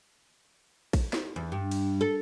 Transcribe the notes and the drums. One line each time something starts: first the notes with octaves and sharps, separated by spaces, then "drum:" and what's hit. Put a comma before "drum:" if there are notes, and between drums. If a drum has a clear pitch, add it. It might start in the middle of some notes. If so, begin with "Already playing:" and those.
drum: kick, cymbal
drum: snare
E2
G2
drum: cymbal
A4